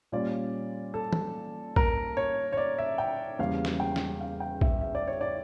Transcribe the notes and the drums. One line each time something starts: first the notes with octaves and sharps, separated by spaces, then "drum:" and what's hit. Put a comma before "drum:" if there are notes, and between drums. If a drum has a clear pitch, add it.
A#2 G3 C#4 F4 D5
A4
drum: tom
A#4, drum: kick
C#5
C#5
D5
E5
G5
E2 C#3 G3 A#3 F5
drum: snare
G5
drum: snare
F5
G5
E5, drum: kick
E5
D5
C#5
D5